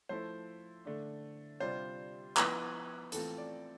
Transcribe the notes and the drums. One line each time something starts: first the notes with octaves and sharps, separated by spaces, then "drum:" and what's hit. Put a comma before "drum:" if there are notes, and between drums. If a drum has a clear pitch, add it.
F3 A3 E4 C5
D3 A3 D4
C3 G3 D4 F4 C5
F3 B3 E4 B4, drum: clap
E3 A3 C4 F4 A4, drum: hi-hat
D5